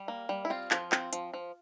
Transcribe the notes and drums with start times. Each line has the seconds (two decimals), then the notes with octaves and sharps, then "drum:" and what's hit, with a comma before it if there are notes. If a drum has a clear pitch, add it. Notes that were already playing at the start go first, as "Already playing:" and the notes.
Already playing: G3
0.08 A#3
0.29 G3
0.45 E4
0.50 C4 F4
0.71 F3, drum: clap
0.92 C4, drum: clap
1.13 F3, drum: hi-hat
1.34 F3